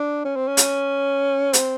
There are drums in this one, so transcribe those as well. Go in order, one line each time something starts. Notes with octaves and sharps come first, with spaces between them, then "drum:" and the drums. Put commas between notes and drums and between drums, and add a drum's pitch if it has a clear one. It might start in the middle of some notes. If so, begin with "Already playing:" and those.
Already playing: D4
C#4
C4
C#4
drum: hi-hat
C4, drum: hi-hat